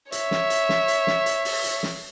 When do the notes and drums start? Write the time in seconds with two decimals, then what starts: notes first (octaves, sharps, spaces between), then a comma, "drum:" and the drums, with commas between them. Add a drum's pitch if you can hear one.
0.12 C#5 E5, drum: hi-hat
0.31 drum: snare
0.50 drum: hi-hat
0.69 drum: snare
0.88 drum: hi-hat
1.07 drum: snare
1.26 drum: hi-hat
1.45 drum: open hi-hat
1.64 drum: hi-hat
1.83 drum: snare